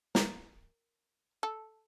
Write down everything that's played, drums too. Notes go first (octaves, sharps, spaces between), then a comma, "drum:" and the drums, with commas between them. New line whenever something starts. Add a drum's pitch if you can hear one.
A#4, drum: snare
A4